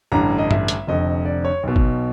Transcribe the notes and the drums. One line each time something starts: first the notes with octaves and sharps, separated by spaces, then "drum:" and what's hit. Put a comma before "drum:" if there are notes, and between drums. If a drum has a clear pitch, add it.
A1 G2 D3 A#5
D#5
E5, drum: tom G2
drum: hi-hat
F1 F2 D3 D#5
D5
C#5
B1 B2
drum: kick